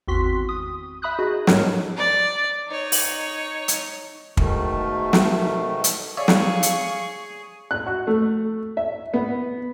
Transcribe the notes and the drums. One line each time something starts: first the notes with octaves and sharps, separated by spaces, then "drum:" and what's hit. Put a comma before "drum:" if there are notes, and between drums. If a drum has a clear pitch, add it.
G#1 E2 C4 F#4 C6 B6
D#6
E5 B5 D#6 F#6 G6
D#4 F#4 G#4 D#5
G#2 D4 A#4 C#5, drum: snare
D5
D#4 C#5
drum: open hi-hat
drum: hi-hat
G#2 B2 D#3 A3, drum: kick
drum: snare
drum: hi-hat
G#4 C#5 D5 E5 F5 C#6
drum: snare
drum: hi-hat
F#6
F#4
A3
E5
B3